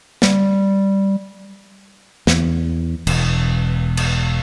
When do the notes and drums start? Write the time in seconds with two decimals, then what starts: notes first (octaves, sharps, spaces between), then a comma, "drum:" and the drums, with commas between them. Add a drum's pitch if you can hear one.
0.22 G3, drum: snare
2.27 E2, drum: snare
3.07 E1, drum: cymbal
3.97 drum: cymbal